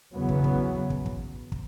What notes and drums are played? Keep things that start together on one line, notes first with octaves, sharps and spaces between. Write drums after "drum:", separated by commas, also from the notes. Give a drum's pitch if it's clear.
E2 C#3 F#3 B3
drum: kick
drum: kick
drum: kick
drum: kick
drum: kick